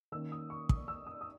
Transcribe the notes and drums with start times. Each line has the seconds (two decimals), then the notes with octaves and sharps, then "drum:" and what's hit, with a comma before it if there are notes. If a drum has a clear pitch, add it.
0.12 D#3 A#3 C#4 E6
0.32 D#6
0.50 C#6
0.69 D#6, drum: kick
0.88 E6
1.06 D#6
1.21 D#6